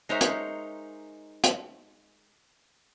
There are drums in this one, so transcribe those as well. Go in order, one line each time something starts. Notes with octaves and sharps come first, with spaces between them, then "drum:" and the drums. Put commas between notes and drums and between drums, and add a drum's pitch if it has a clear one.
G#3 D#4 A#4 C5 C#5 E5
drum: hi-hat
drum: hi-hat